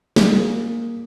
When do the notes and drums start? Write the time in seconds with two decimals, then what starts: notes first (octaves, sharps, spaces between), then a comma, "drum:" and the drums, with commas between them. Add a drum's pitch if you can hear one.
0.16 A#3 G#4, drum: snare